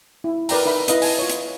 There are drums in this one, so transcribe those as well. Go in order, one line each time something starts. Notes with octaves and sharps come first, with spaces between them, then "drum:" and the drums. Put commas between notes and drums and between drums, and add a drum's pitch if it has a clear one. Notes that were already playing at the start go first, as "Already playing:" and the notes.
E4
A#4 B4 D5 G5 A#5, drum: open hi-hat
D#4 B4 E5 B5
E4 B4 D#5 F5, drum: hi-hat
G#5 A5, drum: open hi-hat
F4 C#5
drum: hi-hat